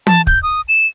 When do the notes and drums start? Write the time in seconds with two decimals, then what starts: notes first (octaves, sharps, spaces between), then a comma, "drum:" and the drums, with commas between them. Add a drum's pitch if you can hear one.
0.07 A5, drum: tom
0.27 G6, drum: kick
0.43 D#6
0.68 E7